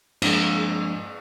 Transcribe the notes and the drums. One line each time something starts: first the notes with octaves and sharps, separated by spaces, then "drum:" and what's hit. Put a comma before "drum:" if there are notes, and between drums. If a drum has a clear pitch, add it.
G2 F3 G#3 A#3 C4 D4, drum: cymbal